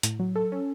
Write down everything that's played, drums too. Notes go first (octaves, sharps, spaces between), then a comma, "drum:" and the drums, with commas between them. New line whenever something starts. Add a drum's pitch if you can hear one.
A2, drum: hi-hat
F#3
A4
C#4